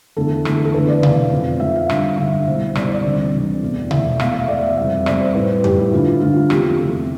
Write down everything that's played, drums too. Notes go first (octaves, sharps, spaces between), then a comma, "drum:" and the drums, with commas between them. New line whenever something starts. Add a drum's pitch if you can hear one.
E2 D3 A3 A4
E2 D3 A3, drum: rim click
A4
E2 D3 A3 B4
D5
E2 D3 A3 F5, drum: tom B2
F2 C3 F3
F2 C3 F3 E5
F5
G2 D3 G3, drum: rim click
G2 D3 G3 E5
C2 B2 G3 C5
C2 B2 G3 D5, drum: rim click
C5
D5
D2 C3 E3 G3
D2 C3 E3 G3
E2 B2 A3
E2 B2 A3 E5, drum: tom B2
E2 B2 A3 F5, drum: rim click
E5
E2 B2 A3 D5
E5
F2 C3 G3 E5
F2 C3 G3 D5, drum: rim click
C5
A2 G3 B4
A2 G3 G4, drum: tom F2
E4
G2 D3 A3 F4
G2 D3 A3 F4
E2 C3 F3 A3 G4, drum: rim click
E2 C3 F3 A3